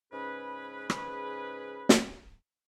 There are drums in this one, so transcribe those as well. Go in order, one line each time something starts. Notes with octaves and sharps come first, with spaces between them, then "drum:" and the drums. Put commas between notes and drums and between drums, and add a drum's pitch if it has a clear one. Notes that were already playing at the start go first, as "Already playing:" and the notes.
G#2 C#3 C#4 G#4 B4
drum: rim click
drum: snare